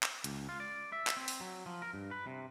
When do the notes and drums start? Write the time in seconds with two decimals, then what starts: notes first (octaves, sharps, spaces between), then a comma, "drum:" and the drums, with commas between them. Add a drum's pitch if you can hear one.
0.03 drum: clap
0.24 C#2, drum: hi-hat
0.49 F4
0.60 D5
0.92 E5
1.07 drum: clap
1.17 C4
1.28 drum: open hi-hat
1.41 F#3
1.66 F3
1.82 A#4
1.94 G2
2.11 B4
2.27 C3